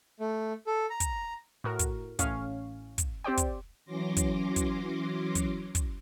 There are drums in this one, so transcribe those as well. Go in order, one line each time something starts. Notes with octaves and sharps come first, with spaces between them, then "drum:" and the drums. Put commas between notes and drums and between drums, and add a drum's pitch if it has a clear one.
A3
A4
A#5
drum: kick, hi-hat
A2 F#4 A#4
drum: kick, hi-hat
A1 A2 C#4 F5, drum: kick, hi-hat
drum: kick, hi-hat
C4 G4 C5 D5 G5
drum: kick, hi-hat
E3 F#3 C#4 C6 D6 A#6
drum: kick, hi-hat
drum: kick, hi-hat
drum: kick, hi-hat
drum: kick, hi-hat